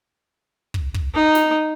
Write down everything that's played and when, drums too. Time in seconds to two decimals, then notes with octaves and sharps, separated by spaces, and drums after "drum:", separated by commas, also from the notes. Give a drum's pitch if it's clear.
0.74 drum: kick
0.94 drum: kick
1.15 D#4
1.35 drum: snare